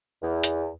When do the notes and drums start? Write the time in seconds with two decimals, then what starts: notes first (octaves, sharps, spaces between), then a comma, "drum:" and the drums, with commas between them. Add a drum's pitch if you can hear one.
0.21 E2
0.43 drum: hi-hat